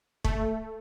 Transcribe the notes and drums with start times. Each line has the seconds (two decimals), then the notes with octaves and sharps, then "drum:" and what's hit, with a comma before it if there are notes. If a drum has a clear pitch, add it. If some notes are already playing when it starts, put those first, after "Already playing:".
0.25 A3, drum: kick